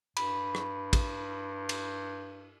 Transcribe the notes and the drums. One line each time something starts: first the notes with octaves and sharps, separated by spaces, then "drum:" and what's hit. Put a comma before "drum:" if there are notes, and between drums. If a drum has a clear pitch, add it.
G2 B5, drum: cymbal
drum: rim click
drum: kick, cymbal
drum: cymbal